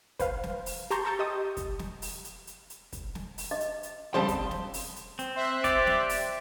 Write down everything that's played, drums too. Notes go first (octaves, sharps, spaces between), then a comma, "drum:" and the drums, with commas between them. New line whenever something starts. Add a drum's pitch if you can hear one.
B4 C5 F5, drum: kick, hi-hat
drum: snare
drum: open hi-hat
G4 A5 A#5 C6 C#6 G6, drum: hi-hat
A#5 C#6 E6 G6 A6 C#7
G4 D#5 D#6
drum: kick, hi-hat
drum: snare
drum: open hi-hat
drum: hi-hat
drum: hi-hat
drum: hi-hat
drum: kick, hi-hat
drum: snare
drum: open hi-hat
D#5
drum: hi-hat
drum: hi-hat
C#3 G3 C4 C5 A5 B5 C6
drum: kick, hi-hat
drum: snare
drum: open hi-hat
drum: hi-hat
C4, drum: hi-hat
C5 E5 F#6
G4 D5, drum: kick, hi-hat
drum: snare
drum: open hi-hat